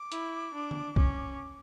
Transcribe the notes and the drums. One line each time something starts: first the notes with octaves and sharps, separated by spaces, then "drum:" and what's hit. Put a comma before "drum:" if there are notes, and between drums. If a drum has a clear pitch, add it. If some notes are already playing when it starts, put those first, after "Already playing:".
Already playing: D6
E4, drum: hi-hat
D4
drum: tom D3
C#4, drum: kick